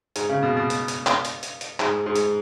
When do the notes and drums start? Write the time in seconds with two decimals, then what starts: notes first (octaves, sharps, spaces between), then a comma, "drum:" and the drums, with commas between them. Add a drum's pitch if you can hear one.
0.16 G#2, drum: hi-hat
0.29 C#3
0.43 B2
0.57 B2
0.70 drum: hi-hat
0.88 drum: hi-hat
1.06 drum: clap
1.25 drum: hi-hat
1.43 drum: hi-hat
1.61 drum: hi-hat
1.80 G#2, drum: clap
2.06 G#2
2.16 drum: hi-hat